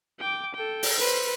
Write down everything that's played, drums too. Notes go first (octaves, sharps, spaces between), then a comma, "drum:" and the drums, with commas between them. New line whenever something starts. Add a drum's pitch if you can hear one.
G5 D6
A4 G5
drum: open hi-hat
B4 C5